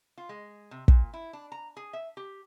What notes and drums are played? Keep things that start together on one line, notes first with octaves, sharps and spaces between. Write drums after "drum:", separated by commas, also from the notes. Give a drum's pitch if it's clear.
F4
G#3
C3
A#2, drum: kick
E4
D4
A#5
G#4
E5
G4